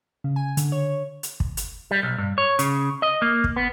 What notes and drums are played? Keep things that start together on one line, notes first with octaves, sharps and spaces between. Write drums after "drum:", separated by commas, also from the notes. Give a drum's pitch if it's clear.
C#3
G#5
D3, drum: hi-hat
C#5
drum: hi-hat
drum: kick
drum: hi-hat
G3
B1
G2
C#5
C#3, drum: hi-hat
D#5
A#3
drum: kick
B3